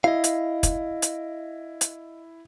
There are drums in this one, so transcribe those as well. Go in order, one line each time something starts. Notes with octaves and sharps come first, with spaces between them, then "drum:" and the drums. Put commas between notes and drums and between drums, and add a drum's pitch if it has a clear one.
E4 D#5 F5
drum: hi-hat
drum: kick, hi-hat
drum: hi-hat
drum: hi-hat